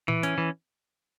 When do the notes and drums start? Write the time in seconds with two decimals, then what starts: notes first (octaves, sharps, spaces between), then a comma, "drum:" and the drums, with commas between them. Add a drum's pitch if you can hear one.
0.08 E3, drum: tom A2
0.23 C#4, drum: hi-hat
0.38 E3